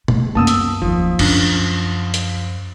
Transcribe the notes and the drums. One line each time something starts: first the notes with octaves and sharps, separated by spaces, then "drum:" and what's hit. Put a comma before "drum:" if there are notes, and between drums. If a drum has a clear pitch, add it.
B2 A3, drum: tom
C#2 F#2 A#3 B3 A5 D#6 E6
drum: hi-hat
F#1 D#2 F3
C#2 F#2 D4, drum: cymbal
drum: hi-hat